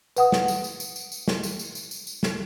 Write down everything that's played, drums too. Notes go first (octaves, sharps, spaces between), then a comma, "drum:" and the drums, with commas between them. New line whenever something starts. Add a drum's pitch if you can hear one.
B4 F#5 D#6, drum: tambourine
drum: snare
drum: tambourine
drum: tambourine
drum: tambourine
drum: tambourine
drum: tambourine
drum: snare
drum: tambourine
drum: tambourine
drum: tambourine
drum: tambourine
drum: tambourine
drum: snare